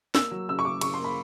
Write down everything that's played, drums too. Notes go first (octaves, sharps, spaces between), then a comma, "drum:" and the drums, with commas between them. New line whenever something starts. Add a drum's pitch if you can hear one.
A#3 E6, drum: snare
F#3
C#3 E6
C#6
C#3 D6
C#3 C#6, drum: cymbal
A#3 C6
B5